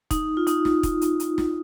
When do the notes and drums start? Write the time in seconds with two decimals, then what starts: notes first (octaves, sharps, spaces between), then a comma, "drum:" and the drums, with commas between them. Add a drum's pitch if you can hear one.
0.11 D#4, drum: kick, hi-hat
0.37 F4
0.47 D#4, drum: hi-hat
0.65 drum: snare
0.83 drum: kick, hi-hat
1.01 drum: hi-hat
1.20 drum: hi-hat
1.38 drum: snare